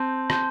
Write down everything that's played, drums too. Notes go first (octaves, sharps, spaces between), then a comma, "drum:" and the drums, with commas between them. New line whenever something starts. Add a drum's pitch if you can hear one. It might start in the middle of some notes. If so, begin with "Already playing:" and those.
Already playing: C4 A5 C6 G6
A5 C6 G6, drum: rim click